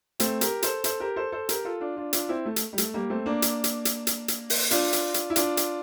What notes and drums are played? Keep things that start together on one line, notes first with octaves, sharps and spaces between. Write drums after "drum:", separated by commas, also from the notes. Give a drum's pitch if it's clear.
A3 C4, drum: hi-hat
G4 A#4, drum: hi-hat
A4 C5, drum: hi-hat
A4 C5, drum: hi-hat
G4 A#4
A4 C5
A4 C5
G4 A#4, drum: hi-hat
F4 A4
D4 F4
D4 F4
D4 F4, drum: hi-hat
C4 E4
A3
drum: hi-hat
G3
A3, drum: hi-hat
G3 A#3
A3 C4
A#3 D4
drum: hi-hat
drum: hi-hat
drum: hi-hat
drum: hi-hat
drum: hi-hat
drum: open hi-hat
D4 F4, drum: hi-hat
drum: hi-hat
drum: hi-hat
E4
D4 F4, drum: hi-hat
drum: hi-hat